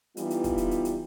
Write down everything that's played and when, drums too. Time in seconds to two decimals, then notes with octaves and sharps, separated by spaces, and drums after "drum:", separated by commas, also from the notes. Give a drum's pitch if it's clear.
0.17 E3 G3 B3 D#4 F4, drum: hi-hat
0.30 drum: hi-hat
0.44 drum: kick, hi-hat
0.58 drum: hi-hat
0.71 drum: hi-hat
0.85 drum: hi-hat